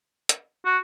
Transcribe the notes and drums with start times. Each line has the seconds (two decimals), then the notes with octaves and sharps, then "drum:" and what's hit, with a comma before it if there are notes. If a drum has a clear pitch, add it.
0.29 drum: hi-hat
0.66 F#4